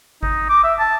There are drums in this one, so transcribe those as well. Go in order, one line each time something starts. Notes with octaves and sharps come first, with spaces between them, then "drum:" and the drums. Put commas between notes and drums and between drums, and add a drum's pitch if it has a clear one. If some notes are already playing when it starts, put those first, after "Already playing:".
D#4, drum: kick G#1
D6
E5
A5